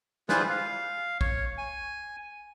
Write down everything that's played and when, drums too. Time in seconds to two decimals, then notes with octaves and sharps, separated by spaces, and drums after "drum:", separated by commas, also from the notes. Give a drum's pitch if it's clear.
0.29 E3 G3 F4 G#4 B4 C5, drum: snare
0.50 F5
1.21 C#5, drum: kick A#1
1.58 G#5